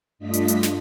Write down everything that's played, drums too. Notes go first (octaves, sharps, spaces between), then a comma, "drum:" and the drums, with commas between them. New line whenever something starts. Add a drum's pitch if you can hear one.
G2 A3 D4 F4 D#5 B6
drum: hi-hat
drum: hi-hat
drum: snare